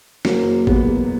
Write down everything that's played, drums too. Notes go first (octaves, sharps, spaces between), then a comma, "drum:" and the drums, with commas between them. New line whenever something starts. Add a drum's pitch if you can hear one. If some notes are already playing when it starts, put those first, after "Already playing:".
F#1 F#3 A#3, drum: snare
E2 B2 G#3 B3, drum: kick G#1